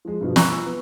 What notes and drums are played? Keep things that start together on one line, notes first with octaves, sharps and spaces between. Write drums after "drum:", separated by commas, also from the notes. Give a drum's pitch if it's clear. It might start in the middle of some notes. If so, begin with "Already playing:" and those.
F3 G#3
G2 B2 F3
G#5 A#5 B5 C#6 E6 F#6, drum: snare
B3